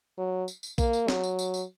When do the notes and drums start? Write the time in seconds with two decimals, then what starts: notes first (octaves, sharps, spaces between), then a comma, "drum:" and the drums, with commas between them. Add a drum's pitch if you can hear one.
0.17 F#3
0.48 drum: tambourine
0.63 drum: tambourine
0.78 A#3, drum: kick A#1, tambourine
0.93 drum: tambourine
1.08 F#3, drum: snare
1.24 drum: tambourine
1.39 drum: tambourine
1.54 drum: tambourine